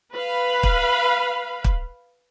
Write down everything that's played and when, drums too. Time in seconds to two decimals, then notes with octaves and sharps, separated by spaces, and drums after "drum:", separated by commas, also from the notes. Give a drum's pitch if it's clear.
0.13 B4 F5 B5
0.63 drum: kick
1.64 drum: kick